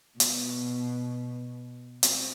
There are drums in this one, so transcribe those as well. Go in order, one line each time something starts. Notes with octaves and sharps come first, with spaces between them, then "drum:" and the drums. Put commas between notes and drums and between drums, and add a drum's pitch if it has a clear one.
B2, drum: hi-hat
C4, drum: hi-hat